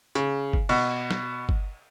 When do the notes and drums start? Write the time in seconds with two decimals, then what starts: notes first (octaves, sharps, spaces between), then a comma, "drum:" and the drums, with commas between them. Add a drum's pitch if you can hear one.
0.15 C#3, drum: hi-hat
0.53 drum: kick G1
0.69 B2, drum: cymbal
1.11 drum: snare
1.49 drum: kick G1